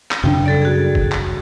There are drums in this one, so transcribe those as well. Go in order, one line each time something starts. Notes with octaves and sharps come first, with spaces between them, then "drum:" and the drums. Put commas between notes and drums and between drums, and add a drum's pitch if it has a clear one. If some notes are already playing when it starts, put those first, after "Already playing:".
drum: clap
F#2 C#3 D4 G5
G3 A4 D5
F#4 G#4
drum: kick
drum: clap